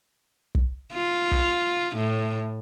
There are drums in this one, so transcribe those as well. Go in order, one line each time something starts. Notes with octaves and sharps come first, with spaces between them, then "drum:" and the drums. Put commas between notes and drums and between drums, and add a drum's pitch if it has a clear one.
drum: kick
F4
drum: kick
A2